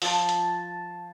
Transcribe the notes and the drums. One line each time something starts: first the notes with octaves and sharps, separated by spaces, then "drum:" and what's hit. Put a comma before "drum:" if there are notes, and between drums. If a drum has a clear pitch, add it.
F3 A5, drum: open hi-hat
drum: hi-hat